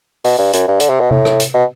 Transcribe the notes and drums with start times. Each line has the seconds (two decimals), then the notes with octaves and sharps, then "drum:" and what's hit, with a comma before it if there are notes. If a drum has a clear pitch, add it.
0.24 B2, drum: open hi-hat
0.38 G2
0.53 F#2, drum: hi-hat
0.68 G2
0.80 D3, drum: hi-hat
0.89 C3
1.00 B2
1.11 A2, drum: tom C3
1.25 drum: rim click
1.40 drum: hi-hat
1.54 B2